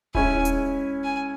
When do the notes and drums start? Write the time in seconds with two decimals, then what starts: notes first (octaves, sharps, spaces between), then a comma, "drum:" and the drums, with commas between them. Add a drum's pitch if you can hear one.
0.15 G#3 C#4 E4 G#5, drum: kick D#1
0.45 drum: hi-hat
1.04 G#5